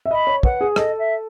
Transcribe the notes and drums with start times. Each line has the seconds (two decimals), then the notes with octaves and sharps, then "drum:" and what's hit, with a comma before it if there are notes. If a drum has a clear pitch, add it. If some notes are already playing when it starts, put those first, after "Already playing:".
0.06 E5
0.11 D#5 B5
0.27 C#5
0.43 B4 F#5, drum: kick
0.61 G#4
0.76 A4 D#5, drum: rim click
0.98 E5